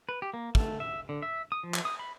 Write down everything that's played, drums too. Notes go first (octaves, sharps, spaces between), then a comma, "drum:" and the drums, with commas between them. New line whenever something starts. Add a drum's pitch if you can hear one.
B4
G4
A#3
A3, drum: kick
E5
D3
E5
D#6
F3
drum: clap
D#6
B5